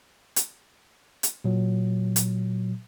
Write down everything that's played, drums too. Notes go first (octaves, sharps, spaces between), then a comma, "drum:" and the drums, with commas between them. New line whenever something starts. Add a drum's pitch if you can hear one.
drum: hi-hat
drum: hi-hat
A#2 F#3
drum: hi-hat